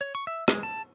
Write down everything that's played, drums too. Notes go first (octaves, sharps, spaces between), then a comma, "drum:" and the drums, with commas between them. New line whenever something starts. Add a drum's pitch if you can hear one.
C#5
C#6
E5
G#3, drum: rim click
A5